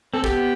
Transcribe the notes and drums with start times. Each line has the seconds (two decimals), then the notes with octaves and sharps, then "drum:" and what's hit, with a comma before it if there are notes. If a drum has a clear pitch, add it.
0.14 C4 A4
0.24 B3 G4, drum: kick